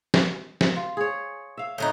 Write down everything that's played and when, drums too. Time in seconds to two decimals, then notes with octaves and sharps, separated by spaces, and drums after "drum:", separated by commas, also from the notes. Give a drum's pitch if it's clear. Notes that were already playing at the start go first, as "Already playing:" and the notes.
0.14 drum: snare
0.61 drum: snare
0.76 F4
0.97 G#4 C#5
1.58 E5 F5
1.78 A2 F#3 D#4